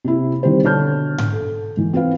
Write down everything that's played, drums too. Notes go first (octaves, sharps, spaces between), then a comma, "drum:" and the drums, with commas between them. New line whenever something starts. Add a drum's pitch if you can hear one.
C3 C4 E4
D#3 G3 C4 E4 G4 C5
B2 D3 C#5 A5 F6 G6
drum: tom G#2
A4
G#2 E3
C4 F4 B4 F5